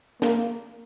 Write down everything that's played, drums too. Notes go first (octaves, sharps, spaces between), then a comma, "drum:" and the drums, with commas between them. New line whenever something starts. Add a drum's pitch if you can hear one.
A#3, drum: snare